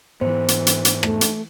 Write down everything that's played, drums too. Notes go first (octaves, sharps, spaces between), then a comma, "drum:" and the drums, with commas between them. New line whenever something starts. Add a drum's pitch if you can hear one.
G#2 E3 B3 C5
drum: hi-hat
drum: hi-hat
drum: hi-hat
A3, drum: rim click
drum: hi-hat